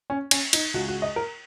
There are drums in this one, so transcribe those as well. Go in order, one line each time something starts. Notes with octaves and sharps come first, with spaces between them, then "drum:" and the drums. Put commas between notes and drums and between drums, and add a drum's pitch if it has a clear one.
C#4
C#4, drum: cymbal
D#4, drum: cymbal
C#2 C#3 G#3 F#4
F#4
D#5
A#4